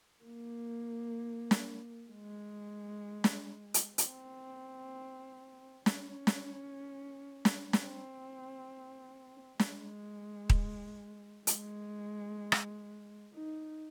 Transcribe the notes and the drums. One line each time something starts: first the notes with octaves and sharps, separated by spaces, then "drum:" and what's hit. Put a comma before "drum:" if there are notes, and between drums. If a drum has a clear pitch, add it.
A#3
drum: snare
G#3
drum: snare
drum: hi-hat
C4, drum: hi-hat
C#4, drum: snare
drum: snare
drum: snare
C4, drum: snare
G#3, drum: snare
drum: kick D#1
G#3, drum: hi-hat
drum: rim click
D#4